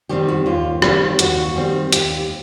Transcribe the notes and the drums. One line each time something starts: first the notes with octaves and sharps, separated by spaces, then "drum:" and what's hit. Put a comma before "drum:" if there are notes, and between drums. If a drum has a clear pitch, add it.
D#3 G3 C4 G4
F#4
D#2 F4
D#3 G3 C4, drum: rim click
D#2 F#4, drum: hi-hat
D#3 G3 C4
D#2 G4, drum: hi-hat